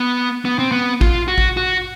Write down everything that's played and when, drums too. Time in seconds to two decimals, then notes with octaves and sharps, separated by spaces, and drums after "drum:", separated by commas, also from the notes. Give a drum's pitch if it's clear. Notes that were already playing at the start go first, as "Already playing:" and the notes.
Already playing: B3
0.45 B3
0.59 C4
0.72 B3
1.01 F4, drum: kick A1
1.28 F#4
1.38 drum: kick A1
1.57 F#4